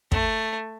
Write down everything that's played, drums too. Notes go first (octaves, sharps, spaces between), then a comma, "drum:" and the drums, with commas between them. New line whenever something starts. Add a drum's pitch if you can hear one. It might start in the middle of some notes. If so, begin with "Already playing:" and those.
A3, drum: kick